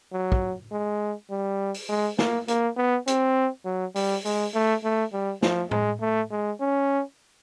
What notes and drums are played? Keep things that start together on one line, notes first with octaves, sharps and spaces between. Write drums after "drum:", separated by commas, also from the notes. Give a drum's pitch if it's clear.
F#3
drum: kick
G#3
G3
drum: open hi-hat
G#3
A#3, drum: snare
A#3, drum: hi-hat
B3
C4, drum: hi-hat
F#3
G3, drum: open hi-hat
G#3, drum: open hi-hat
A3
A3
G3
F3, drum: snare
G#3, drum: tom
A3
G#3
C#4